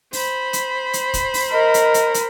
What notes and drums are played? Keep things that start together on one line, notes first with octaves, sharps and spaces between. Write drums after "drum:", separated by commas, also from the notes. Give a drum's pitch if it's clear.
C5 B5, drum: open hi-hat
drum: hi-hat
drum: hi-hat
drum: kick, hi-hat
drum: open hi-hat
A#4 D#5
drum: hi-hat
drum: hi-hat
drum: hi-hat